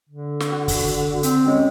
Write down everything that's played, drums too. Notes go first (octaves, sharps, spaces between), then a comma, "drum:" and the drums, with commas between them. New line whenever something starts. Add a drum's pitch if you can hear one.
D3
drum: snare
F#4
drum: kick, open hi-hat
C4, drum: hi-hat
G#3 C#4